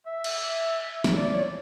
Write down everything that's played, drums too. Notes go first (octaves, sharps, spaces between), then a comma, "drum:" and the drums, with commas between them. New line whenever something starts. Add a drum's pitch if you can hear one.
E5
drum: cymbal
drum: snare
D5
C#5